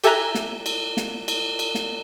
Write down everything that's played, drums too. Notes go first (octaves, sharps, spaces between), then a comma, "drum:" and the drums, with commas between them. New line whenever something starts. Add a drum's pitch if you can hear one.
G4 A4 E5 G#5 A#5 F#6, drum: cymbal
drum: snare
drum: cymbal
drum: snare
drum: cymbal
drum: cymbal
drum: snare